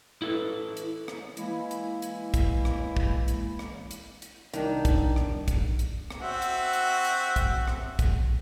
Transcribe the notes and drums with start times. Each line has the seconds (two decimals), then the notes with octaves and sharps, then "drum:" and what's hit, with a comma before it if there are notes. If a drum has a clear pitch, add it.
0.22 E4 A4 B4
0.77 drum: hi-hat
1.08 drum: rim click
1.37 E3 G#3 A#3 E4, drum: hi-hat
1.71 drum: hi-hat
2.02 drum: hi-hat
2.34 drum: kick, hi-hat
2.65 drum: rim click
2.97 drum: kick
3.28 drum: hi-hat
3.59 drum: rim click
3.91 drum: hi-hat
4.22 drum: hi-hat
4.54 C2 D#3 D4 D#4, drum: hi-hat
4.85 drum: kick, hi-hat
5.16 drum: rim click
5.48 drum: kick, hi-hat
5.79 drum: hi-hat
6.10 drum: rim click
6.21 C4 F#4 E5
6.42 drum: hi-hat
6.73 drum: hi-hat
7.05 drum: hi-hat
7.36 drum: kick, hi-hat
7.67 drum: rim click
7.99 drum: kick, hi-hat